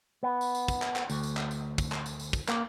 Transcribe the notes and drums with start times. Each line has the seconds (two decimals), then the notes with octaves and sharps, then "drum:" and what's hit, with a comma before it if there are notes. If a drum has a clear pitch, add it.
0.23 B3
0.41 drum: tambourine
0.55 drum: tambourine
0.68 drum: kick, tambourine
0.82 drum: clap
0.96 drum: clap
1.10 D2, drum: tambourine
1.23 drum: tambourine
1.37 drum: clap
1.51 drum: tambourine
1.78 drum: kick, tambourine
1.92 drum: clap
2.06 drum: tambourine
2.19 drum: tambourine
2.33 drum: kick, tambourine
2.48 A#3, drum: clap